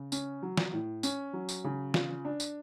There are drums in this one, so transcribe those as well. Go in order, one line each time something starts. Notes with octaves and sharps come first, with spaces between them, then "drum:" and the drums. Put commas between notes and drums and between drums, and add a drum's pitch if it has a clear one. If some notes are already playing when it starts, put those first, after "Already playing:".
Already playing: C#3
C#4, drum: tambourine
F#3
drum: snare
A2
C#4, drum: tambourine
F#3
drum: tambourine
C#3
F4, drum: snare
D4
drum: tambourine